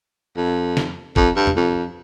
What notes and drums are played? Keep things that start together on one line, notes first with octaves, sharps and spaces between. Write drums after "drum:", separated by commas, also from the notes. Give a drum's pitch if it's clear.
F2
drum: snare
F2, drum: kick
G2
drum: tom E2
F2